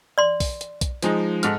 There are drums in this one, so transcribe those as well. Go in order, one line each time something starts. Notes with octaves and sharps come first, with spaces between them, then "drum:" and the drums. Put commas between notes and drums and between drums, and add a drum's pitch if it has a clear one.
D5 C6
drum: kick B1, open hi-hat
drum: hi-hat
drum: kick B1, hi-hat
F3 G#3 D#4, drum: hi-hat
G#2 A4 F6, drum: hi-hat